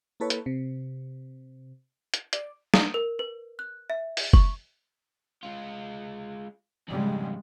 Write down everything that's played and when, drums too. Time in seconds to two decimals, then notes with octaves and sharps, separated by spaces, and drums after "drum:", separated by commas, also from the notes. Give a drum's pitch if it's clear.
0.20 A#3 E4 A4 B4 C#5
0.30 drum: hi-hat
0.46 C3
2.14 drum: hi-hat
2.33 D5, drum: hi-hat
2.74 D#6, drum: snare
2.94 A#4
3.19 B4
3.59 F#6
3.90 E5
4.17 drum: open hi-hat
4.33 C#6, drum: kick F#1
5.43 G#3 F4
6.89 F2 G#2 C#3 G3 G#3